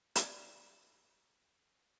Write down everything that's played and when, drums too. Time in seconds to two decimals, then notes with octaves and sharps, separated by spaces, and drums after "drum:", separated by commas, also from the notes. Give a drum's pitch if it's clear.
0.16 D5 G#6, drum: hi-hat